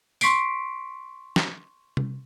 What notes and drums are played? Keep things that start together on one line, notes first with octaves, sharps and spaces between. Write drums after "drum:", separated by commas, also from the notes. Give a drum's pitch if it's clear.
C6 C#6 B6 C7 D7, drum: tambourine
drum: snare
drum: tom C3